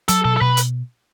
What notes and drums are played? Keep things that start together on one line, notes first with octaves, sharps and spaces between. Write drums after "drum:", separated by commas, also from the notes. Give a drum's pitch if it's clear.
F#3 A4, drum: hi-hat
B2 A4
A4
B2 B4
drum: hi-hat